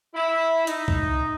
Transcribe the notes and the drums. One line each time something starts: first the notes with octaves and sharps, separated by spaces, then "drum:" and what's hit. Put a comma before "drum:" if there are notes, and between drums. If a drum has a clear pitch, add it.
E4
D#4, drum: hi-hat
drum: kick C2